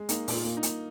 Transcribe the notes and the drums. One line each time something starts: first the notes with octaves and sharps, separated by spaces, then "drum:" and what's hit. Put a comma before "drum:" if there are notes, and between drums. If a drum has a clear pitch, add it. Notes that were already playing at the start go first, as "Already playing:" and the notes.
Already playing: G#3
A#3 D#4, drum: hi-hat
A#2, drum: open hi-hat
F4
A#3
D#4
A#3, drum: hi-hat